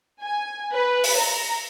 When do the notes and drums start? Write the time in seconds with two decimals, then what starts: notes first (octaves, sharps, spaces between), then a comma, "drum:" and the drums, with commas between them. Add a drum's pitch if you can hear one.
0.21 G#5
0.73 B4
1.04 drum: open hi-hat
1.19 A#5